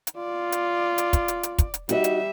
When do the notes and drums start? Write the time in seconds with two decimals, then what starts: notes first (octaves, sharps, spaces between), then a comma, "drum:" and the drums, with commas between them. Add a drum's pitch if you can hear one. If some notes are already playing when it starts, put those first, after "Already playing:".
0.07 drum: hi-hat
0.17 F4 D5
0.52 drum: hi-hat
0.98 drum: hi-hat
1.13 drum: kick, hi-hat
1.28 drum: hi-hat
1.43 drum: hi-hat
1.58 drum: kick, hi-hat
1.74 drum: hi-hat
1.89 G3 D#4 F#4 D#5 E5, drum: hi-hat
2.04 drum: hi-hat